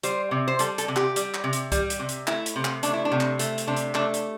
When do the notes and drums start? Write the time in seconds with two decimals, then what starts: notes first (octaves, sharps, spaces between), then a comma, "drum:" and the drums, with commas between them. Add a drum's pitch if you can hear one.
0.03 G3 C5, drum: hi-hat
0.31 C3
0.48 C5
0.59 G3 A4, drum: hi-hat
0.78 A4, drum: hi-hat
0.88 C3
0.96 G4, drum: clap
1.16 G3, drum: hi-hat
1.34 drum: clap
1.44 C3
1.53 drum: hi-hat
1.72 G3, drum: kick C2, hi-hat
1.90 drum: hi-hat
1.99 C3
2.09 drum: hi-hat
2.27 A3 E4, drum: clap
2.46 drum: hi-hat
2.56 C3
2.65 drum: clap
2.83 A3 D4, drum: hi-hat
2.93 E4
3.05 D4
3.12 C3
3.21 drum: clap
3.39 A3, drum: hi-hat
3.58 drum: hi-hat
3.67 C3 D4
3.77 drum: hi-hat
3.95 A3 D4, drum: clap
4.14 drum: hi-hat